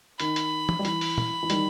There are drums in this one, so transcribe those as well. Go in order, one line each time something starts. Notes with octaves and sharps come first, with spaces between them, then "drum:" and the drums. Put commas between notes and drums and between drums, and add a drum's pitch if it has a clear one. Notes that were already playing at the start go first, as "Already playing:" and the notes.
D#3 B5, drum: hi-hat
drum: hi-hat
drum: tom
G3
E3 B5, drum: hi-hat
drum: open hi-hat
drum: tom
E3
D#3 G3, drum: hi-hat